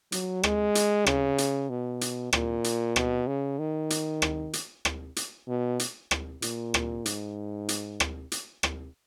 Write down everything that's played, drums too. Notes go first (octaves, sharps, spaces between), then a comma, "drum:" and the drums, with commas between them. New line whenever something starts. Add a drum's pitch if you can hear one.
F#3, drum: hi-hat
G#3, drum: rim click
drum: hi-hat
C#3, drum: rim click
drum: hi-hat
B2
drum: hi-hat
A#2, drum: rim click
drum: hi-hat
B2, drum: rim click
C#3
D#3
drum: hi-hat
drum: rim click
drum: hi-hat
drum: rim click
drum: hi-hat
B2
drum: hi-hat
drum: rim click
A#2, drum: hi-hat
drum: rim click
G#2, drum: hi-hat
drum: hi-hat
drum: rim click
drum: hi-hat
drum: rim click